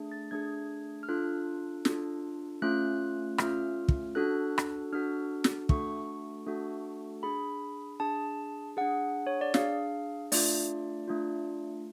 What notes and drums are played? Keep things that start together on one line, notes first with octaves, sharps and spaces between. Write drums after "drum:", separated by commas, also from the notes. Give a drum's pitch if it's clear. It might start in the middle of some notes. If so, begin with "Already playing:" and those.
Already playing: A3 D4 G#4
A6
A3 D4 G#4 G#6
F6
D4 F4 A4 F#6
D4 F4 A4, drum: snare
A3 C#4 F4 F#6
A3 C#4 F4 F6, drum: rim click
drum: kick
D4 F#4 A4 F#6
drum: rim click
D4 F#4 A4 F6
drum: snare
A3 D4 F#4 A4 C#6, drum: kick
A3 D4 F#4 A4
D4 G#4 B5
D4 G#4 A5
D4 G#4 F#5
C#5
D5
D4 G#4 F5, drum: snare
A3 D4 F4 D5, drum: open hi-hat
A3 D4 F4